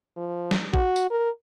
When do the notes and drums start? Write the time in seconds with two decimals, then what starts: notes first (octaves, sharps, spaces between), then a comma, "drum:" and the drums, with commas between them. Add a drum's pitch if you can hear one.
0.17 F3
0.51 drum: snare
0.74 F#4, drum: kick A1
0.96 drum: tambourine
1.11 A#4